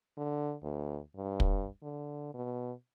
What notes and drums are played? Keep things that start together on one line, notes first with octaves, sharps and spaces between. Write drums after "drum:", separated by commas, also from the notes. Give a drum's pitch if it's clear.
D3
D2
G2
drum: kick
D3
B2